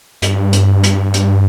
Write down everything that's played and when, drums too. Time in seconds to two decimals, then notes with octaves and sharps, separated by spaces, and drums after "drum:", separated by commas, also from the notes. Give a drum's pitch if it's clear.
0.22 G2, drum: hi-hat
0.53 drum: hi-hat
0.83 drum: hi-hat
1.14 drum: hi-hat